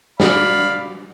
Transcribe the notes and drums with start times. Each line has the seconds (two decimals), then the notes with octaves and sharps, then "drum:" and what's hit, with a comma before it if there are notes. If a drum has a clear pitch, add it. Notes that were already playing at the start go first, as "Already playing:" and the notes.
0.20 D5 F5 B5, drum: snare